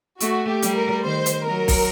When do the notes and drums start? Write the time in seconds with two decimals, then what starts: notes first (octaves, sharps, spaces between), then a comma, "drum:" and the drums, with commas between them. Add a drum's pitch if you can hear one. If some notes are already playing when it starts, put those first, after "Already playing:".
0.20 A3 F#4, drum: hi-hat
0.49 G4
0.62 G3, drum: hi-hat
0.76 A#4
1.05 D#3 C5
1.26 drum: hi-hat
1.47 F#3 A#4
1.68 drum: kick, open hi-hat